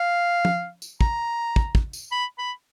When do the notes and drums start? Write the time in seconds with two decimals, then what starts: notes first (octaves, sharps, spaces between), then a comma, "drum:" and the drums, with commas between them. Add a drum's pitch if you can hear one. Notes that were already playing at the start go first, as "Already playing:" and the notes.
Already playing: F5
0.45 drum: tom
0.82 drum: tambourine
1.01 A#5, drum: kick
1.56 drum: kick
1.75 drum: kick
1.93 drum: tambourine
2.11 B5
2.38 B5